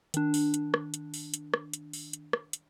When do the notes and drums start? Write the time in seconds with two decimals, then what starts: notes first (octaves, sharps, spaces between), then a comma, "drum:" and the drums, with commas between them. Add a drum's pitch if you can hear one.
0.14 D#3 D4, drum: hi-hat
0.34 drum: open hi-hat
0.54 drum: hi-hat
0.74 drum: rim click
0.94 drum: hi-hat
1.14 drum: open hi-hat
1.34 drum: hi-hat
1.54 drum: rim click
1.73 drum: hi-hat
1.93 drum: open hi-hat
2.13 drum: hi-hat
2.33 drum: rim click
2.53 drum: hi-hat